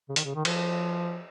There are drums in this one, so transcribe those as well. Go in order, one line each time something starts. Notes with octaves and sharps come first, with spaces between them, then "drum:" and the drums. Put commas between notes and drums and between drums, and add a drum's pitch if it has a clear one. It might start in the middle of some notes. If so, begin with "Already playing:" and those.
C#3
D#3, drum: hi-hat
C#3
D#3
F3, drum: cymbal